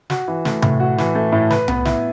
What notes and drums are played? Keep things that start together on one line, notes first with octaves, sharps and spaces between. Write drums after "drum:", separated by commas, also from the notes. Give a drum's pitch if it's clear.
F#4, drum: snare
E3
A3, drum: snare
A2, drum: tom C3
F#4
E3, drum: snare
A3
A2
B4, drum: snare
B3, drum: tom C2
E4, drum: snare